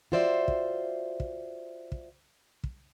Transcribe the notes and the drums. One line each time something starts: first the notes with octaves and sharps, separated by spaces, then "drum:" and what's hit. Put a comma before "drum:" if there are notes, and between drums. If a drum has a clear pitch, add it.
F4 F#4 C5 D5 E5
drum: kick
drum: kick
drum: kick
drum: kick